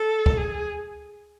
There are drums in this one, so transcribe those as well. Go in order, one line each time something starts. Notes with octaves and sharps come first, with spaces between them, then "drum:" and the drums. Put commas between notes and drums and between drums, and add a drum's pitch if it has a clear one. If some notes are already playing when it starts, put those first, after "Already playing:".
Already playing: A4
drum: kick
G#4